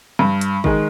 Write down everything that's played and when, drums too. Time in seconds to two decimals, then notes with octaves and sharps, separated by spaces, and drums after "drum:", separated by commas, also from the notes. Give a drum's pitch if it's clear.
0.19 G2
0.41 drum: hi-hat
0.64 D#3 G#3, drum: kick